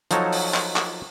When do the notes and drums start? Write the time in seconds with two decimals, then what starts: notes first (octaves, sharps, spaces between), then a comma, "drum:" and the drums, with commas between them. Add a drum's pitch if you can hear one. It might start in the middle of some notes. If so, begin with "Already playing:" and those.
0.11 F3 F#3 D#4 A4 C#5, drum: hi-hat
0.32 drum: open hi-hat
0.54 drum: clap
0.76 drum: clap